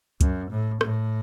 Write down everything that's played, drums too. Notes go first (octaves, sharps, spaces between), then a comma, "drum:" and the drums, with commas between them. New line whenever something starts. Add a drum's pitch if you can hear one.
F#2, drum: kick, hi-hat
A2
A2, drum: rim click